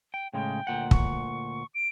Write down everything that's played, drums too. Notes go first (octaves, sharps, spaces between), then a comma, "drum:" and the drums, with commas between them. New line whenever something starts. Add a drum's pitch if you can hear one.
G5
A2 C#3 G#3 G5
D2 A#2 F#5
C#6, drum: kick
D7